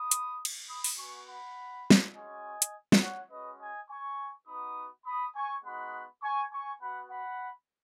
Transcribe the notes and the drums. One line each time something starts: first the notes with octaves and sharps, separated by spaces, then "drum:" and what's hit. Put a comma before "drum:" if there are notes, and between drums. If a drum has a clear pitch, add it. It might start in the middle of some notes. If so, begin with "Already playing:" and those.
Already playing: B5 D#6
drum: hi-hat
drum: cymbal
B5 D#6
drum: open hi-hat
B3 F#4 G#5 C#6
F#5 B5
drum: snare
G#3 C#4 F#4 D#5 G#5
drum: hi-hat
drum: snare
C#5 F#5
G#3 C#4 F#4 B4 D#5
D#5 G#5
G#5 C#6
B3 D#4 F#4 B5 D#6
B5 D#6
G#5 C#6
G#3 B3 D#4 F#4 F#5 B5
G#5 C#6
G#5 C#6
B3 F#4 F#5 B5
F#5 B5